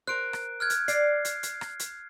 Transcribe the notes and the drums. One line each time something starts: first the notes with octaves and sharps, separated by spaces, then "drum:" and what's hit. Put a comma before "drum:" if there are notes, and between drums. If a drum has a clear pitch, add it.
A#4 C5 F#6 D7
drum: rim click
F6 F#6 G#6
drum: hi-hat
D5 C7, drum: hi-hat
drum: hi-hat
drum: hi-hat
drum: rim click
drum: hi-hat